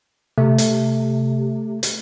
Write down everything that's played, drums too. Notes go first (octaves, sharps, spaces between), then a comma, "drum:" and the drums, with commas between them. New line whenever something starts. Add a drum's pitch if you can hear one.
C3 A3
drum: hi-hat
drum: hi-hat